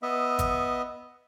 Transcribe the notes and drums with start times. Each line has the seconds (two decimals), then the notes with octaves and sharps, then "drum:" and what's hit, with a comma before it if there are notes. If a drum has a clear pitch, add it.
0.02 B3 D#5 E5
0.39 drum: kick G#1, hi-hat